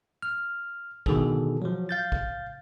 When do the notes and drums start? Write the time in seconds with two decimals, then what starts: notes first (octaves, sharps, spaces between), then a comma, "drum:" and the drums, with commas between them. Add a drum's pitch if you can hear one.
0.22 F6
1.06 B2 D3 D#3 G#4 A4, drum: kick G#1
1.62 F3 F#3
1.89 F5 G6 A6
2.12 drum: kick G#1